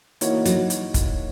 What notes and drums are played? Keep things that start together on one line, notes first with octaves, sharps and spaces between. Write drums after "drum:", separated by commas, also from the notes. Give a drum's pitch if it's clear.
E3 A#3 D#4 F#4 C#5, drum: hi-hat
F#3, drum: hi-hat
drum: hi-hat
drum: kick, hi-hat